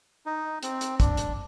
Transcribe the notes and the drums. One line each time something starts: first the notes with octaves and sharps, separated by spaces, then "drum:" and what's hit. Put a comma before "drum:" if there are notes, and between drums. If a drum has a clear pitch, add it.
D#4
C4, drum: hi-hat
drum: hi-hat
D4, drum: kick, hi-hat
drum: hi-hat